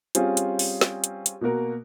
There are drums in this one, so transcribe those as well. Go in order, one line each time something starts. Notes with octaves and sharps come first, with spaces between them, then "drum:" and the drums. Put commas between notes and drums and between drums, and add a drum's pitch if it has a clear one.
G3 C4 C#4 F4 G#4, drum: hi-hat
drum: hi-hat
drum: open hi-hat
drum: snare
drum: hi-hat
drum: hi-hat
B2 A#3 F#4 A#4